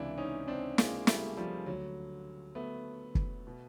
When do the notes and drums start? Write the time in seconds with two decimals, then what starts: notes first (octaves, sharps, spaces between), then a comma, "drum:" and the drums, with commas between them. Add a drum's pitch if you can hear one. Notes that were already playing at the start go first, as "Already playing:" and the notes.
Already playing: C#2 C3 E3 D4 E4
0.18 C#4 D#4
0.48 C4 D4
0.78 G#3 A#3, drum: snare
1.07 G3 A3, drum: snare
1.37 F3 G3
1.66 D2 D3 F#3
2.55 A3 B3
3.15 drum: kick
3.47 B2